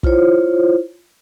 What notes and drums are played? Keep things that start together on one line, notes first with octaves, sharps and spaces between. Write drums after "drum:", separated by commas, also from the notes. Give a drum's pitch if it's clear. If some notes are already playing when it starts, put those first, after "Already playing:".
E4 F4 C5 C#5, drum: kick